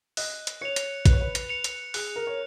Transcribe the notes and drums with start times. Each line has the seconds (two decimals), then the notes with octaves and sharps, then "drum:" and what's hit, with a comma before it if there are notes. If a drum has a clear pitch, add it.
0.17 D#5 F#6, drum: open hi-hat
0.47 drum: hi-hat
0.61 C#5 C#7 F7
0.76 drum: hi-hat
1.06 B4 F#6, drum: kick A1, hi-hat
1.13 C#5
1.20 B4
1.35 drum: hi-hat
1.49 C#7 F7
1.64 drum: hi-hat
1.94 G#4 F#6, drum: open hi-hat
2.16 A#4
2.27 C#5